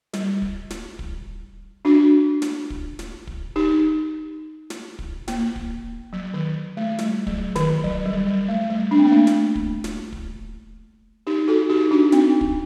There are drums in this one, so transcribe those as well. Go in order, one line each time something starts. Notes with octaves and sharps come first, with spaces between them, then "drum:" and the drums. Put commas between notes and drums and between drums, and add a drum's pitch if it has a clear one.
G3, drum: snare
drum: kick
drum: snare
drum: kick
D4 F#4
drum: snare
drum: kick
drum: snare
drum: kick
D#4 G4
drum: snare
drum: kick
A#3, drum: snare
drum: kick
F#3
D#3
A3
G3, drum: snare
F#3, drum: kick
D#3, drum: snare
F#3, drum: kick
G3
G3
A3
G3
D4
C4
A#3
A3
drum: snare
drum: kick
drum: snare
drum: kick
D#4 G4
F#4 A4
D#4 G4
D4 F#4
C4 D#4, drum: snare
drum: kick